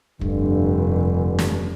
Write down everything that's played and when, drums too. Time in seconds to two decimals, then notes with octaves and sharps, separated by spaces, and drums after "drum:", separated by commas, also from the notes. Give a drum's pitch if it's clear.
0.21 F1 G2 D3, drum: kick
1.39 drum: snare